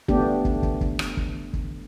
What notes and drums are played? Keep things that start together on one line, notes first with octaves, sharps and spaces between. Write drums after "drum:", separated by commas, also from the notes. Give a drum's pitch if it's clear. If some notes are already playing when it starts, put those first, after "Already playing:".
A3 B3 D4 G4, drum: kick
drum: kick
drum: kick
drum: kick
drum: rim click
drum: kick
drum: kick